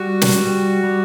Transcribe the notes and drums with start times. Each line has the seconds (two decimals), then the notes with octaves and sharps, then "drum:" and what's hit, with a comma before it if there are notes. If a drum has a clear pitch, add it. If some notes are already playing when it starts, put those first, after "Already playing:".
Already playing: G3 F#4
0.21 drum: snare
0.38 G3
0.83 G3